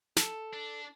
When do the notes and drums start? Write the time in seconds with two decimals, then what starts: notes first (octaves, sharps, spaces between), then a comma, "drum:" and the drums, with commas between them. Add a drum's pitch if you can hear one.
0.16 A4, drum: snare
0.53 D4